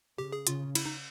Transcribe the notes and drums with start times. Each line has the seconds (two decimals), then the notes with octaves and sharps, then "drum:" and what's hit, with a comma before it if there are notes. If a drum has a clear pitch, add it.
0.18 C#3 G4
0.32 G#4
0.47 C#3 F4, drum: hi-hat
0.75 E4, drum: cymbal
0.86 D#4